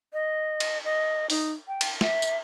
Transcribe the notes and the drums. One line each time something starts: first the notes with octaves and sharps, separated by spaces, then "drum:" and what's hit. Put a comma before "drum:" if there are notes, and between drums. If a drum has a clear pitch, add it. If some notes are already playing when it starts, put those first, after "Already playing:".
D#5
drum: cymbal
D#5
D#4, drum: open hi-hat
G5
drum: cymbal
E5, drum: snare
drum: tambourine